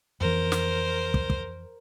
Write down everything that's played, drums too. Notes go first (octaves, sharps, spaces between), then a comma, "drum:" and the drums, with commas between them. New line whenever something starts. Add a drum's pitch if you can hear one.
F2 E3 A#4 C5
drum: snare
drum: kick
drum: kick